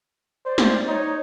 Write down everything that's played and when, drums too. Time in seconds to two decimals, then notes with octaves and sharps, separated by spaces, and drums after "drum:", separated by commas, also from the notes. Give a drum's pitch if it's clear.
0.45 C5 D5
0.58 drum: snare
0.87 D#4 C#5